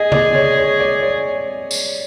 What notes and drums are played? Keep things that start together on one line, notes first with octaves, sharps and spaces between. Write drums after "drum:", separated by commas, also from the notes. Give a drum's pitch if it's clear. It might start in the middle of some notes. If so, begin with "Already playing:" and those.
Already playing: G#4 D#5
D5, drum: tom C#3
C#5
C#5
D5
C#5
drum: tambourine